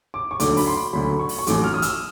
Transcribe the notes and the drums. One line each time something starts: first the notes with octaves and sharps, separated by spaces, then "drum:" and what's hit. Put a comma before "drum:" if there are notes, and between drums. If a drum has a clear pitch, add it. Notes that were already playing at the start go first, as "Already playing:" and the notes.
D6
C#6
D2 D3 F#3 D6, drum: hi-hat
B5, drum: open hi-hat
C6
D2 D3 F#3 B5
C#6
drum: open hi-hat
C#6
A1 A2 F#3 D6, drum: hi-hat
F6
D#6
E6, drum: hi-hat